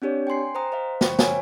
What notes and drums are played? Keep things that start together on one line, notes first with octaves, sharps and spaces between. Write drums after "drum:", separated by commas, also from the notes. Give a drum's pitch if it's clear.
C4 D4 G4 C#5 D5
G5 G#5 C6 C7
C5 G5 A#5 D#6
C5 D#5 F5
C5 G5 B5 C#6, drum: snare
A#4 C#5 F5 G#5, drum: snare